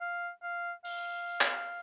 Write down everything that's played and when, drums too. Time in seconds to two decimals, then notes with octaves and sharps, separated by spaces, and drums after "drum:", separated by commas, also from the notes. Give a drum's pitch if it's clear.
0.01 F5
0.43 F5
0.85 F5, drum: open hi-hat
1.41 drum: clap